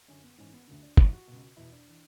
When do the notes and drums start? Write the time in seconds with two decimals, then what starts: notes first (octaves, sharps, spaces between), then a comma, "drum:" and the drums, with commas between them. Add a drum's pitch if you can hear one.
0.08 F#2 D3 C#4
0.23 B3
0.38 G#2 E3 C#4
0.53 B3
0.68 D2 D3
0.83 D4
0.97 G#2 E3 E4, drum: kick
1.13 F#4
1.28 C#2 B2
1.57 E2 B2 E4
1.72 D4
1.88 E3